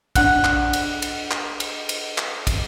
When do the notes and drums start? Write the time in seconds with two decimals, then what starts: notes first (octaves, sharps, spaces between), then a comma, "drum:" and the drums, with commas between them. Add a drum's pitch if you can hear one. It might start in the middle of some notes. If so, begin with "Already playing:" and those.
0.15 D4 F#5 F#6, drum: kick, cymbal
0.44 drum: clap
0.73 drum: cymbal
1.02 drum: cymbal
1.31 drum: clap
1.60 drum: cymbal
1.89 drum: cymbal
2.18 drum: clap
2.47 drum: kick, cymbal